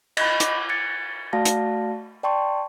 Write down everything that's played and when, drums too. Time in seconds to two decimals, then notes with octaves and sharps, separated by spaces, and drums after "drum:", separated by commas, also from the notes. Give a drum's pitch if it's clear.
0.17 D#5 B5, drum: cymbal
0.40 D6, drum: hi-hat
0.69 G#6 A6 C#7
1.33 A3 F#4 D5 F5 A5 A#6
1.45 drum: hi-hat
2.23 D5 G5 A5 C6 C#6